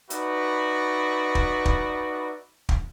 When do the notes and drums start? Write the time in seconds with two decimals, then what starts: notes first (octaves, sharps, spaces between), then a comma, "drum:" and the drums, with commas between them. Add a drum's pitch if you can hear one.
0.10 D#4 F#4 B4 D5 E5 B5, drum: hi-hat
1.35 drum: kick
1.65 drum: kick
2.69 drum: kick